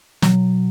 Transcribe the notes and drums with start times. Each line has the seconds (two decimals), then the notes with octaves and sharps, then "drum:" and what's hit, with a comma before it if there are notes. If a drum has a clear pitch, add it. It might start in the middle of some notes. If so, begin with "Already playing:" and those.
0.22 B2 F#3, drum: snare